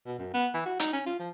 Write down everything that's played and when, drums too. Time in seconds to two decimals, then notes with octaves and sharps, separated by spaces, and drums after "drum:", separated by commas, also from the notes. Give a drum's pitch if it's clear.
0.06 B2
0.18 F#2
0.34 B3
0.54 E3
0.65 F#4
0.79 D#4, drum: hi-hat
0.93 C#4
1.06 F4
1.19 F3